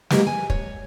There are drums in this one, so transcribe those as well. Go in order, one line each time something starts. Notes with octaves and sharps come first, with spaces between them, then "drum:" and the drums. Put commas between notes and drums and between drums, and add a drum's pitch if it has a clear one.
E3 F#3 G#3 A#3 G4, drum: snare
G#5
C#5, drum: kick